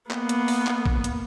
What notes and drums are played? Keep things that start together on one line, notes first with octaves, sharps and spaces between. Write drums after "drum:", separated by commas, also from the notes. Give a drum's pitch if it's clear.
A#3 B3, drum: clap
drum: hi-hat
drum: open hi-hat
drum: clap
drum: kick
drum: hi-hat